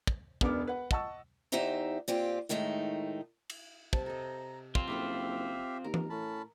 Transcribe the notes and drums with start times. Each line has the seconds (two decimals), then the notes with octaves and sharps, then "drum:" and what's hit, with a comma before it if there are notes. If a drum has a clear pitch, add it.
0.07 drum: kick
0.41 E1 C#2 B3 D4 D6 F6, drum: kick
0.67 B4 F#5
0.91 D#5 F#5 A5 C#6 E6, drum: kick
1.52 E2 D#4 G4 C5 E5 A#5
2.08 A#2 C4 F4 G4
2.49 A2 D#3 G#3 A3 D#4
3.50 drum: cymbal
3.93 C3 A5, drum: kick
4.06 A4 D#5 A#5
4.75 C4 F4, drum: kick
4.87 F#1 G4 A4 E5 F5 B5 C#6
5.84 D#2 A#4
5.94 drum: tom E3
6.10 A2 C#4 A5 B5